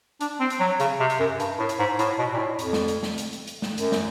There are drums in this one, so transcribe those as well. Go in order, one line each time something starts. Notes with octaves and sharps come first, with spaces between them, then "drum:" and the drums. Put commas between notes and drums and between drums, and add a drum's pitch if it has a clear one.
D4, drum: hi-hat
C4
drum: hi-hat
F#3
C#3, drum: hi-hat
C3
drum: hi-hat
F#2
G2, drum: hi-hat
A2
drum: hi-hat
G#2
A2, drum: hi-hat
B2
A#2
A2
F2, drum: hi-hat
drum: snare
drum: hi-hat
drum: snare
drum: hi-hat
drum: hi-hat
drum: hi-hat
drum: snare
F#2, drum: hi-hat
drum: snare